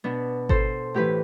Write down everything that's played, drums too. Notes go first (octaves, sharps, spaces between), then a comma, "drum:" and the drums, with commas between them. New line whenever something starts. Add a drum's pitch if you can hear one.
B2 B3 D4
A4 C5, drum: kick G#1
A2 E3 G4 B4